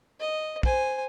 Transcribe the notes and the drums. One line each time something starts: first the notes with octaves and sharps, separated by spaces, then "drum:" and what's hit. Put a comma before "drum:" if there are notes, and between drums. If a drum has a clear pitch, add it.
D#5
C5 G#5, drum: kick